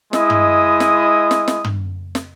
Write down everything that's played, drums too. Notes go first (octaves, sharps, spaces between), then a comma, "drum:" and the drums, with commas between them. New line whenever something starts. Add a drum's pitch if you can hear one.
G#3 E4 D#5 D#6, drum: snare
drum: tom
drum: snare
drum: snare
drum: snare
drum: tom
drum: snare